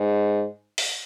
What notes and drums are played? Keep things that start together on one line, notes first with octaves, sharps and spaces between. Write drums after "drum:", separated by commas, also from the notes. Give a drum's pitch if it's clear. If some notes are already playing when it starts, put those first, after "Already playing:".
Already playing: G#2
drum: open hi-hat